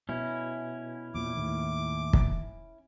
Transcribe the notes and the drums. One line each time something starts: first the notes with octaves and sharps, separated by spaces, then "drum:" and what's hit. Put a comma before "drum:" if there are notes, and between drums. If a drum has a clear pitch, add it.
B2 C#4 E4
E2 A#2 D6
D#2 A2 D#3
drum: kick